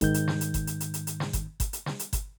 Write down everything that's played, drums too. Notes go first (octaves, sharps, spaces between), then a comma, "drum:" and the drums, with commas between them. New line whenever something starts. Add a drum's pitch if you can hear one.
G#2 D#3 G6, drum: kick G1, hi-hat
drum: hi-hat
drum: snare
drum: hi-hat
drum: kick G1, hi-hat
drum: hi-hat
drum: hi-hat
drum: hi-hat
drum: hi-hat
drum: snare
drum: kick G1, hi-hat
drum: kick G1, hi-hat
drum: hi-hat
drum: snare
drum: hi-hat
drum: kick G1, hi-hat